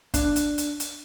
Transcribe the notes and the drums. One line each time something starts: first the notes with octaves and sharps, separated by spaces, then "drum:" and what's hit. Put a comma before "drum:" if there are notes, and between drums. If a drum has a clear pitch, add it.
D4, drum: kick, hi-hat
drum: hi-hat
drum: hi-hat
drum: hi-hat